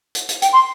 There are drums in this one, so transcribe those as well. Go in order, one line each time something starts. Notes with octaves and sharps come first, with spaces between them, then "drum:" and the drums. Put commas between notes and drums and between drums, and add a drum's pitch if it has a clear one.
drum: hi-hat
drum: hi-hat
G5, drum: hi-hat
C6